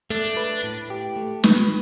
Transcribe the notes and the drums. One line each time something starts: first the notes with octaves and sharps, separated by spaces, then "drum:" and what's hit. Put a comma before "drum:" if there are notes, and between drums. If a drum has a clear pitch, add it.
A3 D4
B4
A2
G4
A3
B4, drum: snare